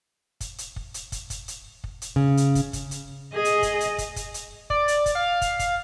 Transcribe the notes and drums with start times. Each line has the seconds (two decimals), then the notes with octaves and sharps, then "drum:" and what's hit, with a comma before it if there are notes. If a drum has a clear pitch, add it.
0.41 drum: kick, hi-hat
0.58 drum: hi-hat
0.76 drum: kick
0.94 drum: hi-hat
1.12 drum: kick, hi-hat
1.30 drum: kick, hi-hat
1.48 drum: hi-hat
1.84 drum: kick
2.02 drum: hi-hat
2.16 C#3
2.37 drum: hi-hat
2.55 drum: kick, hi-hat
2.73 drum: kick, hi-hat
2.91 drum: hi-hat
3.35 G#4 D#5
3.45 drum: hi-hat
3.63 drum: kick, hi-hat
3.80 drum: hi-hat
3.98 drum: kick, hi-hat
4.16 drum: kick, hi-hat
4.34 drum: hi-hat
4.70 D5, drum: kick
4.88 drum: hi-hat
5.06 drum: kick, hi-hat
5.15 F5
5.42 drum: kick, hi-hat
5.59 drum: kick, hi-hat